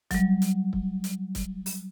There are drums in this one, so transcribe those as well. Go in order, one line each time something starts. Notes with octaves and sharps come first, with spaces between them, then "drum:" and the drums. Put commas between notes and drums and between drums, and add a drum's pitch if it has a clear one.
F#3 G3, drum: kick, hi-hat
drum: hi-hat
drum: kick
drum: hi-hat
drum: kick, hi-hat
drum: open hi-hat